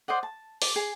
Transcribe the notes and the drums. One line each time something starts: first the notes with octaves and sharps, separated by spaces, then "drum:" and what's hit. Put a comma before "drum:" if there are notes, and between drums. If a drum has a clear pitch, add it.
C5 D5 D#5 F#5
A5
D5, drum: open hi-hat
G#4